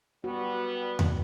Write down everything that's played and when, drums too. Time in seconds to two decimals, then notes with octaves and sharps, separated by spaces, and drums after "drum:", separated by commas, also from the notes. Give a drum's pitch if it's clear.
0.24 G3 B3 F#4
0.99 drum: tom E2